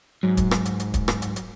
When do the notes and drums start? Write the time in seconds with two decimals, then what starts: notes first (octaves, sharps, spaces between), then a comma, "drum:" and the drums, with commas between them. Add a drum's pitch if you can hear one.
0.23 G#2 F#3
0.37 drum: kick, hi-hat
0.51 drum: rim click
0.65 drum: hi-hat
0.80 drum: hi-hat
0.94 drum: kick, hi-hat
1.08 drum: rim click
1.22 drum: hi-hat
1.36 drum: hi-hat